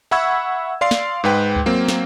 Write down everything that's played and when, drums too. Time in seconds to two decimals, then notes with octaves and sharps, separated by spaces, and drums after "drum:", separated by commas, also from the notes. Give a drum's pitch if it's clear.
0.11 E5 F#5 B5 C#6 E6 G#6
0.81 D5 F5 C6 C7
0.91 drum: snare
1.24 G#2 G#3 B4 G5
1.56 drum: kick D2
1.66 F#3 A#3 C4
1.89 drum: snare